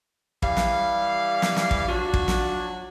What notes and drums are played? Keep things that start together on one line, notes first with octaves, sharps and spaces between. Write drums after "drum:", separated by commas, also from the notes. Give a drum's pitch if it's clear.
E3 G3 F5, drum: kick
drum: snare
drum: snare
drum: snare
drum: kick
F#3 D4 F4 F#4
drum: kick
drum: snare